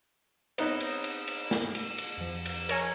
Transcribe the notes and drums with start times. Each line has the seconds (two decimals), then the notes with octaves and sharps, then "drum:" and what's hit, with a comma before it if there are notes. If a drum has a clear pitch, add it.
0.58 B3 C4 D#4 C#5 B5, drum: cymbal
0.80 drum: cymbal
1.04 drum: cymbal
1.28 drum: cymbal
1.51 drum: snare
1.75 drum: cymbal
1.98 drum: cymbal
2.17 F2 F3
2.46 drum: cymbal
2.69 A#4 C#5 G#5, drum: cymbal